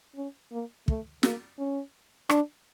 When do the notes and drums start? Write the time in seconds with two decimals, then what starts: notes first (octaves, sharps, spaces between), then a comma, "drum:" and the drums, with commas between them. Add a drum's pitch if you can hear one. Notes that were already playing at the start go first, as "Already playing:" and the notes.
0.15 C#4
0.52 A#3
0.88 A3, drum: kick
1.23 A#3, drum: snare
1.59 C#4
2.29 D4, drum: rim click